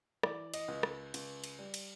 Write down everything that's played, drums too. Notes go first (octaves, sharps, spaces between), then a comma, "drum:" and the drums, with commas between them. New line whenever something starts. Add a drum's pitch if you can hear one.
E3 D5, drum: rim click
D#5, drum: cymbal
C#2
drum: rim click
C#2, drum: cymbal
drum: cymbal
G3
drum: cymbal